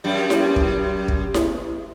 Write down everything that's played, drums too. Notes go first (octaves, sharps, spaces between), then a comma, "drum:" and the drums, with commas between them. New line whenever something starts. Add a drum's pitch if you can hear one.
F#2 G3
drum: snare E4
drum: kick
drum: kick
drum: snare E4